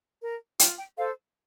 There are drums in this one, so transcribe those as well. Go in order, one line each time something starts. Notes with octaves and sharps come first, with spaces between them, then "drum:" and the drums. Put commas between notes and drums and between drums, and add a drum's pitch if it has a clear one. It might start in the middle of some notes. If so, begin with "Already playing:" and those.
A#4
F4 G5, drum: hi-hat
G5
A4 C5 F5